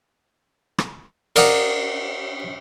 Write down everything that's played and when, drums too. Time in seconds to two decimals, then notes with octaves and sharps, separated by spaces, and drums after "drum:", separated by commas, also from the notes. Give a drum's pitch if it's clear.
0.78 drum: rim click
1.36 A#4 D5 D#5 F5 F#5, drum: cymbal